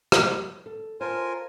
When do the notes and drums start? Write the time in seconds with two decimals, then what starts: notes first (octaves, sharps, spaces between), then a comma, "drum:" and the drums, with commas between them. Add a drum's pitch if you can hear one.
0.12 drum: rim click
0.66 A4
1.01 F4 A#4 C5 G#5 A5